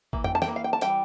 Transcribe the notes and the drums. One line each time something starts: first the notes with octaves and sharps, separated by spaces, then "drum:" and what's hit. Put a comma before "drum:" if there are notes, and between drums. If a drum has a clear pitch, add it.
E3 A#3, drum: kick G#1
G5, drum: tom F2
A5
G5, drum: snare
E3 A#3
F5
G5
A5
E3 G3 G5, drum: hi-hat